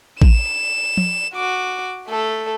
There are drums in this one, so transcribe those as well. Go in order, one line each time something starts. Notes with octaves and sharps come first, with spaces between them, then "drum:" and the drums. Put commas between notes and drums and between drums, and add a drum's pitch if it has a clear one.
E7, drum: kick A1
drum: tom F3
F#4 D6
A3 A4